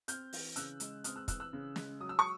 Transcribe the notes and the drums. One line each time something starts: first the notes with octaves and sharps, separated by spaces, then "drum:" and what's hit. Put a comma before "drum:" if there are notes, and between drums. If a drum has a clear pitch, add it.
C4 F6 G6, drum: hi-hat
E3, drum: open hi-hat
C#3 E6 F#6, drum: hi-hat
G#3, drum: hi-hat
C4 D#6 F6, drum: hi-hat
E6 F#6
E3 E6 F#6, drum: kick, hi-hat
E6 F#6
C#3
G#3, drum: snare
F#3 D#6
E6
C#6 D#6